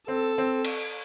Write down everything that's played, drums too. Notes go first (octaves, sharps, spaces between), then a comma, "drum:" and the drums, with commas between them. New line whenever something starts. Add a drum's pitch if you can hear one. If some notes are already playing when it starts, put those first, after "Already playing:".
C4 A4
C4
drum: cymbal